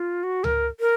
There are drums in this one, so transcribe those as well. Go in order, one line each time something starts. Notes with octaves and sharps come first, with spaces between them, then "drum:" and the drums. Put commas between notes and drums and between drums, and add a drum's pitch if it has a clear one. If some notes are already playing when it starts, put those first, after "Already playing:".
Already playing: F4
F#4
A#4, drum: tom C#2
A#4